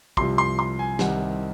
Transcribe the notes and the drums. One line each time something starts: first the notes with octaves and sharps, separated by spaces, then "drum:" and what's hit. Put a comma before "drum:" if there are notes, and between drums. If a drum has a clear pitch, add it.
C2 C3 F3 C6, drum: kick
C6
C6
G#5
C2 C3 D#3 F#5, drum: snare